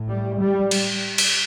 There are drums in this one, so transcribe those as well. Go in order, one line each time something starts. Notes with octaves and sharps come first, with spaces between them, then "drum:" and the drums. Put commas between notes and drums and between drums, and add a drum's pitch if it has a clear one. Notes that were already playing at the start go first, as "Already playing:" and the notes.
Already playing: A2
G3
G3
drum: cymbal
drum: cymbal